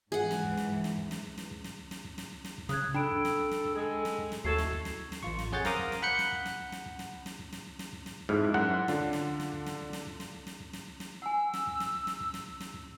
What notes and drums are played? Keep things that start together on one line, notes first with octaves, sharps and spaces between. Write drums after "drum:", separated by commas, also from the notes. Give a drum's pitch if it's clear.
G#2 E3 G#4 F#5
drum: snare
drum: kick
drum: snare
drum: snare
drum: kick
drum: snare
drum: snare
drum: kick
drum: snare
drum: snare
drum: kick
drum: snare
drum: snare
drum: kick
C#3 D#6 F#6 G#6, drum: snare
D4 A4 G5 B5 D7
drum: kick
drum: snare
drum: snare
drum: kick
G#3 A4
drum: snare
drum: kick
drum: snare
D#2 A2 F#4 A4 G#6 C7
drum: snare
drum: kick
drum: snare
drum: snare
A1 F4 C#6, drum: kick
drum: snare
F2 G#4 C#5 F#5 G6 A6
A#4 C5 F5 A#5 D6 D#6, drum: snare
drum: kick
drum: snare
F#5 B5 F#6 G6 C#7
drum: snare
drum: kick
drum: snare
drum: snare
drum: kick
drum: snare
drum: snare
drum: kick
drum: snare
drum: snare
drum: kick
drum: snare
F2 G#2 E4 F6
F#2 F#5
D3 D4 F4, drum: snare
drum: kick
drum: snare
drum: snare
drum: kick
drum: snare
drum: snare
drum: kick
drum: snare
drum: snare
drum: kick
drum: snare
drum: snare
F#5 G#5 E6
drum: snare
drum: kick
drum: snare
drum: snare
drum: kick
drum: snare
drum: snare
drum: kick